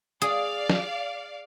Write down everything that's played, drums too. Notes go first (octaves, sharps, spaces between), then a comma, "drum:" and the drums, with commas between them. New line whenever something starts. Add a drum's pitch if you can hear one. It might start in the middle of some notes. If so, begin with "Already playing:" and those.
G#4 D5 F5
drum: snare